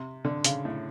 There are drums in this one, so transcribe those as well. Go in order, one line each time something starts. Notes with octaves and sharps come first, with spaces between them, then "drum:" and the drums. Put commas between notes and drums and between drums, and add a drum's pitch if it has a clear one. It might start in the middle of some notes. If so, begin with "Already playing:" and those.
Already playing: C3
D3
C#3, drum: hi-hat
A2